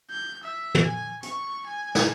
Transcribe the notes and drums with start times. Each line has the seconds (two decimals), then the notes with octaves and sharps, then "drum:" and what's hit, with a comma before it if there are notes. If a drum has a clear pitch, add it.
0.11 G6
0.44 E5
0.75 drum: tom
0.84 G#5
1.23 C#6, drum: hi-hat
1.67 G#5
1.95 drum: snare